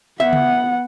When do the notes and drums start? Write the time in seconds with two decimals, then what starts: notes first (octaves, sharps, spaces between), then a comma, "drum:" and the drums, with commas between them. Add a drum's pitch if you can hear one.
0.20 B3 E5 F#5
0.33 drum: tom C#3